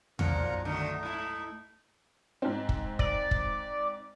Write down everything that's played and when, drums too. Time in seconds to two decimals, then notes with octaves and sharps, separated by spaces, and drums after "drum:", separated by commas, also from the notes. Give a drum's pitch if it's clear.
0.19 B1 F#2 A#2 F3 A#4 F#5 A#5, drum: tom E2
0.65 D3 D#3 F#3 A3 D#4
1.03 G#2 E4
2.42 G#2 C4
2.69 drum: kick
2.99 D5, drum: kick
3.31 drum: kick